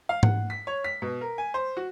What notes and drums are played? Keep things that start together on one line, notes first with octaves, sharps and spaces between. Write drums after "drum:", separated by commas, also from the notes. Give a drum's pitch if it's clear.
F5
F#5, drum: tom G#2
B6
C#5
B6
B2
A#4
G#5
C5
F#4